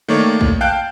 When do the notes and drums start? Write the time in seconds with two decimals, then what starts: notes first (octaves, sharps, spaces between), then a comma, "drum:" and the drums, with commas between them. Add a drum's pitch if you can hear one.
0.08 D#3 A3 A#3 C#5 D5
0.41 drum: kick
0.61 F5 G5 A5 F#6 G6 D7